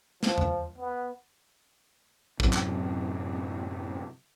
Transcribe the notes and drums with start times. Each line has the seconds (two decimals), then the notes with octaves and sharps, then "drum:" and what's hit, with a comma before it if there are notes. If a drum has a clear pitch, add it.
0.23 F3, drum: snare
0.38 drum: tom E2
0.78 B3
2.40 F#2 A2 C3 F#3, drum: kick
2.53 drum: clap